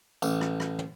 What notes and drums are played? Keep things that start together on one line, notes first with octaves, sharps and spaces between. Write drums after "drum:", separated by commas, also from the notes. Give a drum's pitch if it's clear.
A1, drum: tambourine
drum: rim click
drum: rim click
drum: tom